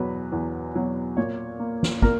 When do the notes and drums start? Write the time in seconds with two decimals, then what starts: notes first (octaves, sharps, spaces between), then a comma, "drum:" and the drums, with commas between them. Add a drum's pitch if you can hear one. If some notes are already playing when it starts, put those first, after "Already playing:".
Already playing: E2 B2 F#3 B4
0.32 E2
0.75 B2 F#3
1.17 A#2 C#5
1.59 A#3
1.83 drum: snare
2.02 A#2 A#4, drum: kick